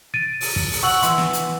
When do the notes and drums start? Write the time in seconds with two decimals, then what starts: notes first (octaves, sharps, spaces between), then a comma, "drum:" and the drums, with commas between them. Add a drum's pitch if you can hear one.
0.14 A6 D7 D#7
0.41 drum: open hi-hat
0.56 drum: kick
0.72 drum: open hi-hat
0.83 F#5 C#6 E6 F#7
1.02 E3 C6 E6, drum: hi-hat
1.18 drum: snare
1.33 drum: hi-hat